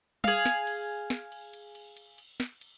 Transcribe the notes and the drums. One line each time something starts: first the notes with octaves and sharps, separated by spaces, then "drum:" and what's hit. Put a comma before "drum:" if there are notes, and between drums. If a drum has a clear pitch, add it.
G#4 F5, drum: tom
drum: snare
drum: cymbal
drum: snare
drum: cymbal
drum: cymbal
drum: cymbal
drum: cymbal
drum: cymbal
drum: snare
drum: cymbal